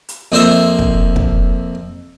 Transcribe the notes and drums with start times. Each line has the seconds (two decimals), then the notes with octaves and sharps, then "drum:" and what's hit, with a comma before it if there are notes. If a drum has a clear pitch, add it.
0.09 drum: hi-hat
0.32 F2 A#3 C5 E5
0.79 drum: kick
1.16 drum: kick